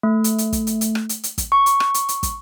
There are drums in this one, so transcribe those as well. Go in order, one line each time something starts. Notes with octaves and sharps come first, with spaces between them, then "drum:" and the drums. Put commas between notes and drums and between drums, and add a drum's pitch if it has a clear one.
A3
drum: hi-hat
drum: hi-hat
drum: kick, hi-hat
drum: hi-hat
drum: hi-hat
drum: rim click
drum: hi-hat
drum: hi-hat
drum: kick, hi-hat
C#6
drum: hi-hat
drum: rim click
drum: hi-hat
drum: hi-hat
drum: kick, hi-hat